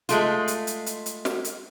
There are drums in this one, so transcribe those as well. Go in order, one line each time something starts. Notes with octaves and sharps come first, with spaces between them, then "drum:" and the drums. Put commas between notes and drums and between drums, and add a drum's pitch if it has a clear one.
G#3 A3 F4, drum: hi-hat
drum: hi-hat
drum: hi-hat
drum: hi-hat
drum: hi-hat
drum: snare
drum: hi-hat